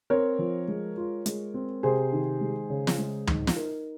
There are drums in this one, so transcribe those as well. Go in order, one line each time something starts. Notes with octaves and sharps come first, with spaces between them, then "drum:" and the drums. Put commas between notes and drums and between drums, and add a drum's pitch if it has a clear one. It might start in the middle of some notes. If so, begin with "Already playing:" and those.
C4 A#4 C#5
F3
G#3
F4
G#3, drum: hi-hat
C4
C3 G#4 C5
D#3
G#3
C#3
drum: snare
G#3
D#4, drum: tom
drum: snare
D#4 A#4